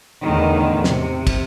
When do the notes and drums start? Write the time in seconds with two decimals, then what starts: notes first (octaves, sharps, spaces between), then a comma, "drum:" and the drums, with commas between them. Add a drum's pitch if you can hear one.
0.22 E2 A2 D3 D#3
0.84 C3, drum: snare
1.27 drum: kick, cymbal